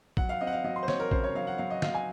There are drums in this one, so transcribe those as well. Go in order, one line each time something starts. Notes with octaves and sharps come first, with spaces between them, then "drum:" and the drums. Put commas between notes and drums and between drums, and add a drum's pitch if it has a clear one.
F#3 F#5, drum: kick A#1
F5
C4 D#5
F#5
F5
F#3 D#5
C6
C5
C4 C#5, drum: snare
A#4
C#3 C5, drum: kick A#1
C#5
F#3 F5
F#5
F#3 F5
D#5
F#3 F5, drum: snare
G#5